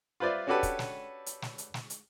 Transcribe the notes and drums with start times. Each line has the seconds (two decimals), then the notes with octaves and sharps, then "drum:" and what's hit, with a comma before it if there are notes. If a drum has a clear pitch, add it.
0.20 F4 B4 C5 D5 E5
0.47 C#4 D4 F#4 G4 A4 B4
0.63 drum: kick, hi-hat
0.79 drum: snare
1.26 drum: hi-hat
1.42 drum: snare
1.58 drum: hi-hat
1.74 drum: snare
1.90 drum: hi-hat